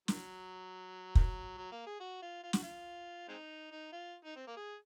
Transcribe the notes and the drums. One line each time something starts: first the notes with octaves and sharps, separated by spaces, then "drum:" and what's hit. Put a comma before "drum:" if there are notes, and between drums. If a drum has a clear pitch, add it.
D#3 F#3, drum: snare
D#3 F#3, drum: kick
F#3
A#3
G#4
F#4
F4
F4
F#4, drum: snare
F4
G#3 C4 D#4
D#4
F4
D#4
C4
A#3
G#4